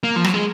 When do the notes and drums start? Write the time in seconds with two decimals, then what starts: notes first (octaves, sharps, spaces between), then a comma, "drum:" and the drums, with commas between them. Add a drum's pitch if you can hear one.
0.03 A#3
0.16 F3
0.24 F#3, drum: rim click
0.34 G#3